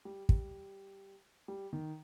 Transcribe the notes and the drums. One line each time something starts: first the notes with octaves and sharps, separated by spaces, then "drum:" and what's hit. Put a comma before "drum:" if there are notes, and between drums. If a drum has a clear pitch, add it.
G3
G3, drum: kick
G3
D#3